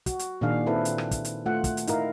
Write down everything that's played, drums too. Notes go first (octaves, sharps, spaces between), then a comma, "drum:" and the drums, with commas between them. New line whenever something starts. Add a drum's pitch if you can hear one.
F#4, drum: kick, hi-hat
drum: hi-hat
A#2 D#3 D4 G#4 F5
C4 E4 A4 B4
drum: hi-hat
drum: rim click
drum: kick, hi-hat
drum: hi-hat
A3 F4 F#5
drum: kick, hi-hat
drum: hi-hat
D#4 E4 A#4 F5, drum: hi-hat